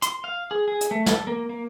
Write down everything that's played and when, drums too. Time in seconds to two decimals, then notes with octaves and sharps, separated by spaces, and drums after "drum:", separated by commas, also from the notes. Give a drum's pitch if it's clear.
0.02 C6, drum: hi-hat
0.24 F5
0.51 G#4
0.68 G#4
0.81 drum: hi-hat
0.91 A3
1.06 A4, drum: snare
1.27 A#3
1.49 A#3